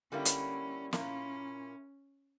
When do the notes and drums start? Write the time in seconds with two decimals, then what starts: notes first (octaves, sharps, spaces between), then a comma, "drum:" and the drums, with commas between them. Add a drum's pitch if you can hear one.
0.12 D3 G3 A#3 C#4 E4
0.25 drum: hi-hat
0.93 A#2 A#3 C#4 E4, drum: snare